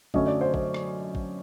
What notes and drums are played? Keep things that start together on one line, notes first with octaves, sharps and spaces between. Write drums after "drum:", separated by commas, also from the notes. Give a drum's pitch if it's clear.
F#2 D3 F#3 A3 C#4 D#5, drum: kick G#1
D5
C5
C5, drum: kick G#1
drum: rim click
drum: kick G#1